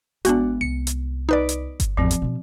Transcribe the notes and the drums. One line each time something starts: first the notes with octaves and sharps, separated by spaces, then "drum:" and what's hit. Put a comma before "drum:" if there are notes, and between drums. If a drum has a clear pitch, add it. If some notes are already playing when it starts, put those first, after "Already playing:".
G#1 G#3 B3 D4 F#4, drum: hi-hat
C2 C#7
drum: hi-hat
D#4 B4 D5
drum: hi-hat
drum: kick G1, hi-hat
G#1 E2 F3 C4
drum: hi-hat
B2 D4